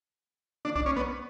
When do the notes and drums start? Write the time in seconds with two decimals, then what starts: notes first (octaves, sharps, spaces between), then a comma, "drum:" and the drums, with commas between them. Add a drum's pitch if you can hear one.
0.65 D4, drum: tom D3
0.76 D4, drum: kick B1
0.86 C#4
0.96 B3